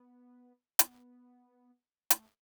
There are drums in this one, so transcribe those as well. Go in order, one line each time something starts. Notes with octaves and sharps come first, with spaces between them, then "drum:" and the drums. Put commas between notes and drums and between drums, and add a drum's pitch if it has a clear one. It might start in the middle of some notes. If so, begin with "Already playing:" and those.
Already playing: B3
B3, drum: hi-hat
A3, drum: hi-hat